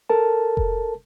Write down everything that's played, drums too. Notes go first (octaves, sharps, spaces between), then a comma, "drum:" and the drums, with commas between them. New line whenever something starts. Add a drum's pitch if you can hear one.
A4 A#4 A5
drum: kick F1